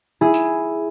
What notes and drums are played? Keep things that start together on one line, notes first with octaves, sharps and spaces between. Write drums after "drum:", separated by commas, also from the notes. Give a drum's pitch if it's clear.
E4 G#4
drum: tambourine